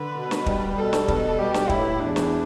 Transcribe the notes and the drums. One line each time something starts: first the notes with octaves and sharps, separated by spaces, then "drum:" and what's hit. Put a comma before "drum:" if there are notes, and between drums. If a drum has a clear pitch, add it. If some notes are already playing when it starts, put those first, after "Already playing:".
Already playing: D3 B4
B2
drum: snare
G3, drum: kick
B2 A4
drum: snare
B2, drum: kick
G3 G4
drum: snare
A2 E4, drum: kick
E2 D4
drum: snare